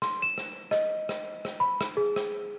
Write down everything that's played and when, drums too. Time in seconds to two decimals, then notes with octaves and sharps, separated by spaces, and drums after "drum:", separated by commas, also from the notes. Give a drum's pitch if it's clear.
0.02 C6, drum: rim click
0.22 E7
0.38 drum: rim click
0.71 D#5, drum: rim click
1.09 drum: rim click
1.45 drum: rim click
1.60 B5
1.81 drum: rim click
1.97 G#4
2.16 drum: rim click